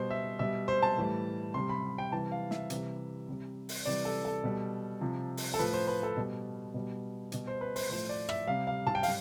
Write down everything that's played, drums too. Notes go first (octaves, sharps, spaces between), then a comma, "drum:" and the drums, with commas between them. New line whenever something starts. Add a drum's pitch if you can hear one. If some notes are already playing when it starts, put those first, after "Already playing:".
Already playing: B2 G3 C5
E5
B2 G3 E5
C5
A5
A2 E3 G3
C3 G3 C6
B5
G5
C3 E3 G3 A5
F5
E5, drum: snare
C3 E3 G3, drum: hi-hat
C3 G3
drum: open hi-hat
C3 E3 G3 D5
A4
A4
B2 G3
C3 F3
drum: open hi-hat
A4
A2 F3 B4
C5
B4
A4
B2 G3
B2 G3
B2 G3, drum: hi-hat
C5
B4
C5, drum: open hi-hat
A2 F3 C5
D5
E5, drum: rim click
C3 G3 F5
F5
A5, drum: tom G#2
G5
G3 F5, drum: open hi-hat